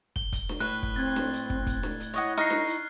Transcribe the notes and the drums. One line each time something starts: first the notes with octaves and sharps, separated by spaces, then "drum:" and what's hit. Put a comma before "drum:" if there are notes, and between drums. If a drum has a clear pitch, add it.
G7, drum: kick
drum: kick, hi-hat
drum: snare D4
A2 B4 F#6
drum: kick
C4 G#6 A6
drum: snare D4
drum: hi-hat
drum: kick
drum: kick, hi-hat
drum: snare D4
drum: hi-hat
E4 C#5 D#5 F#5
D#4 A#5 C#6 F6 F#6 C7
drum: snare D4
drum: hi-hat